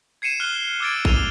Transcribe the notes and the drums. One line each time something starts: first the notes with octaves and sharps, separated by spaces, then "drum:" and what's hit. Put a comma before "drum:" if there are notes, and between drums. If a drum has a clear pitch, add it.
G#6 C7 C#7 D#7 E7
F6 F#6 E7 G7
D6 E6 G#6 A6 D7
D#7 F7 G7, drum: kick A1